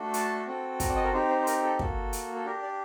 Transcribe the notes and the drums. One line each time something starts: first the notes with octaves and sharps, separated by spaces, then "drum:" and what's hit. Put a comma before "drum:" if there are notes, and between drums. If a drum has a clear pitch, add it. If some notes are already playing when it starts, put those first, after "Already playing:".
Already playing: A3 D4 F#4 A4
A5, drum: hi-hat
C4 F#4 A4
A#5, drum: kick, hi-hat
D5
D#5
A#4
C4 D#4 G4 C5
C5
C5
A#4, drum: hi-hat
A4
A#3 F#4 A4, drum: kick
drum: hi-hat
A4
D4 G4 A#4
D5